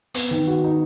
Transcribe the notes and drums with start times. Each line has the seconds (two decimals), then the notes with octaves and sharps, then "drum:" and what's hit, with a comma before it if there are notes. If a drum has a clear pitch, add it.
0.14 B3, drum: hi-hat
0.31 D#3
0.47 F#4
0.64 D#4